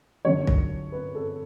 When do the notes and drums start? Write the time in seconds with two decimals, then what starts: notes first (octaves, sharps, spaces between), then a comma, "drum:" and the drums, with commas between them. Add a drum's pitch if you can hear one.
0.25 F#2 D3 F#3 C#5
0.47 drum: kick
0.92 B4
1.15 A4